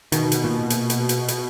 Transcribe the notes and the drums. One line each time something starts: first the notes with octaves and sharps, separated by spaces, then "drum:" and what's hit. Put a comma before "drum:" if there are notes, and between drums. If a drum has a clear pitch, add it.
B2 D#3, drum: hi-hat
drum: hi-hat
A#2
drum: hi-hat
drum: hi-hat
drum: hi-hat
drum: hi-hat